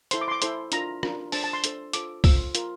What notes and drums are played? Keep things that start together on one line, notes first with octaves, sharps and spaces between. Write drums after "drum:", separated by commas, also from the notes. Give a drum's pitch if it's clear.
E4 A4 C5 C6, drum: hi-hat
D6
C6
D6
E4 A4 C5 C6, drum: hi-hat
D4 F4 A#4 A#5, drum: hi-hat
D4 F4 A#4, drum: rim click
D4 A4 C5 A5, drum: open hi-hat
A5
C6
D4 A4 C5, drum: hi-hat
F4 A4 C5 D6, drum: hi-hat
F4 A4 C5 E6, drum: kick, open hi-hat
F4 A#4, drum: hi-hat